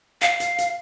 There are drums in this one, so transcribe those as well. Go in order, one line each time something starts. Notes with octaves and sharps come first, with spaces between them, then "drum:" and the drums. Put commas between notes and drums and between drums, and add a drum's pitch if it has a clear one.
F5, drum: hi-hat
drum: hi-hat
drum: hi-hat